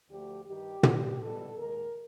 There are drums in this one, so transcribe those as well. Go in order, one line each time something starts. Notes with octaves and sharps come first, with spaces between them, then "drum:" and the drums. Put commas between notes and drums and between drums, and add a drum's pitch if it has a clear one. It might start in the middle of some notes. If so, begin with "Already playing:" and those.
D2 D3 F3 A3 G4
G2 D#3 G3 G4
F#2 D3 G3, drum: tom
E2 B2 G3 A4
D#2 D#3 G#3 A#4